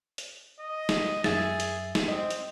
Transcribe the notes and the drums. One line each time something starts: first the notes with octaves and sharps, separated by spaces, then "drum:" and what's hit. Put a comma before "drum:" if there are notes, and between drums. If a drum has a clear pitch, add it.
drum: hi-hat
D#5
drum: snare
F#2 G#4 E5 A6, drum: snare
drum: hi-hat
drum: snare
C4 D#5
drum: hi-hat